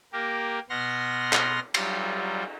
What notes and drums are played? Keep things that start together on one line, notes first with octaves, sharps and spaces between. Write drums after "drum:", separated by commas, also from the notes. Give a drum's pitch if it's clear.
A#3 G4 A#4
B2 B3 F#5 C6 F6 A#6
drum: clap
F#3 G3 F4, drum: cymbal